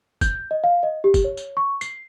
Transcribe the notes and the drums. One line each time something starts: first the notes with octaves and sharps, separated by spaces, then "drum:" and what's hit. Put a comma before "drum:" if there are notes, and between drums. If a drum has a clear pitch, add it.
G6, drum: kick, tambourine
D#5
F5
D#5
G4
drum: kick, tambourine
C#5
drum: tambourine
C#6
C7, drum: tambourine